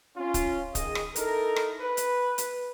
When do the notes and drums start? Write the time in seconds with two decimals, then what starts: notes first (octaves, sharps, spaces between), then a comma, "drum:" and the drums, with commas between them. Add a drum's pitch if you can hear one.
0.17 C#4 F4
0.34 drum: kick, hi-hat
0.75 D#3 G#4 D#5, drum: kick, hi-hat
0.95 drum: rim click
1.16 D#4 E4 A4 A#4, drum: hi-hat
1.56 drum: rim click
1.81 B4
1.97 drum: hi-hat
2.38 drum: hi-hat